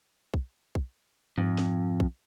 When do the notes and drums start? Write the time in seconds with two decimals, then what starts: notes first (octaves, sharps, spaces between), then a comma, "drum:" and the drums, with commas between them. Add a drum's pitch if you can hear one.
0.34 drum: kick
0.75 drum: kick
1.38 F2 G#2
1.58 drum: snare
2.00 drum: kick